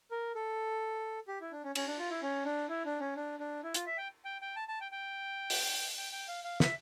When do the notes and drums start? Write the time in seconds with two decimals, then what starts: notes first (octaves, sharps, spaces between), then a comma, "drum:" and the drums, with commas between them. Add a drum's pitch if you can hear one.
0.11 A#4
0.35 A4
1.28 G4
1.41 E4
1.52 D4
1.64 C#4
1.75 C#4, drum: cymbal
1.87 D4
1.99 F4
2.10 E4
2.23 C#4
2.45 D4
2.69 E4
2.85 D4
3.00 C#4
3.16 D4
3.40 D4
3.63 E4
3.74 F4, drum: hi-hat
3.86 E5
3.97 G5
4.25 G5
4.42 G5
4.56 A5
4.68 A5
4.81 G5
4.92 G5
5.50 drum: open hi-hat
5.98 G5
6.12 G5
6.28 F5
6.44 F5
6.60 E5, drum: snare